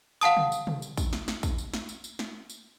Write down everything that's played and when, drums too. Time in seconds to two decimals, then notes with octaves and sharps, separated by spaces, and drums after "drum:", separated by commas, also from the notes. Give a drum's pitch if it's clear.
0.21 F5 F#5 A5 D#6, drum: tambourine
0.37 drum: tom
0.52 drum: tambourine
0.67 drum: tom
0.82 drum: tambourine
0.97 drum: kick, tambourine
1.13 drum: snare
1.28 drum: snare
1.43 drum: kick, tambourine
1.58 drum: tambourine
1.74 drum: snare
1.89 drum: tambourine
2.04 drum: tambourine
2.19 drum: snare
2.50 drum: tambourine